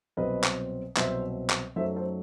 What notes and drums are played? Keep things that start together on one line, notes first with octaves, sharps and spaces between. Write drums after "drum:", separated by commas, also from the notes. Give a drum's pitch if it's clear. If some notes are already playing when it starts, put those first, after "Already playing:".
C2 B2 F#3 C4 B4 D#5
drum: clap
C2 B2 F#3 C4 C5 E5, drum: clap
drum: clap
F#2 F#3 A3 D#4 C5 E5
A4 C5